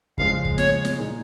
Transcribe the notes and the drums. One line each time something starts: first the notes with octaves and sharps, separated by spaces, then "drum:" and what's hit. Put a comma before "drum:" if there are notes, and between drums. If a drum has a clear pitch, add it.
C#3 F3 G#3 F5, drum: kick
drum: kick
C#5, drum: snare
drum: snare
A#2 G#3 D#4